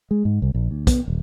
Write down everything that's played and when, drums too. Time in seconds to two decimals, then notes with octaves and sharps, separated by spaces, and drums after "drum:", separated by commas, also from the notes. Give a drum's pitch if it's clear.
0.11 G#3
0.25 G#2
0.42 C2
0.54 A#1
0.71 D2
0.87 B3, drum: kick, hi-hat
1.08 D#1